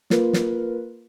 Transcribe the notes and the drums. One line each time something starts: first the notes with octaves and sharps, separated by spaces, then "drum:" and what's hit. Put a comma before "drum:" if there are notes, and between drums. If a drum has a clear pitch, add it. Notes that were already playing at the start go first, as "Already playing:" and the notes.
A#3 F4 A#4 B4, drum: snare
drum: snare